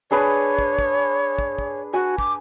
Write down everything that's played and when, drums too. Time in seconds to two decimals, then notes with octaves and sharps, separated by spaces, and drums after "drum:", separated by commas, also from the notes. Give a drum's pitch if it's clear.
0.11 D4 G#4 B4 C#5
0.59 drum: kick
0.79 drum: kick
1.39 drum: kick
1.59 drum: kick
1.94 F#4 G#5
2.18 D6, drum: kick